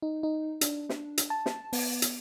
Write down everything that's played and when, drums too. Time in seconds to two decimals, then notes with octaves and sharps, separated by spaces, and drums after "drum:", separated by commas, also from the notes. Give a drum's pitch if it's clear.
0.02 D#4
0.23 D#4
0.61 D4, drum: hi-hat
0.89 drum: snare
1.18 drum: hi-hat
1.30 A5
1.46 drum: snare
1.73 B3, drum: open hi-hat
2.02 drum: hi-hat